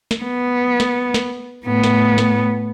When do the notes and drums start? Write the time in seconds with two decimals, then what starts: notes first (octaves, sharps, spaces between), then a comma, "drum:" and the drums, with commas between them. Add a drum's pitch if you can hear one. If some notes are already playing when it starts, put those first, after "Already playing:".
0.11 drum: snare
0.24 B3
0.80 drum: snare
1.14 drum: snare
1.66 A2 B3
1.83 drum: snare
2.18 drum: snare